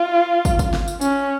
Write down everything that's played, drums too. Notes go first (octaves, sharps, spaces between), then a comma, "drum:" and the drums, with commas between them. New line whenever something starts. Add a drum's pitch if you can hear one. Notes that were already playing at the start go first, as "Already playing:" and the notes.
Already playing: F4
drum: kick, tambourine
drum: kick, tambourine
drum: snare
drum: tambourine
C#4, drum: tambourine